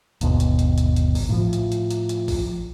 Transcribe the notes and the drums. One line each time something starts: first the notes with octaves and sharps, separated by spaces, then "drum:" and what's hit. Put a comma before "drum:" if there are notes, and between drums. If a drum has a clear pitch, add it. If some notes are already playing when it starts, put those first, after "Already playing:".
G1 D#2 B2, drum: hi-hat
drum: hi-hat
drum: hi-hat
drum: hi-hat
drum: hi-hat
drum: kick A1, open hi-hat
A2 F3
drum: hi-hat
drum: hi-hat
drum: hi-hat
drum: hi-hat
drum: kick A1, open hi-hat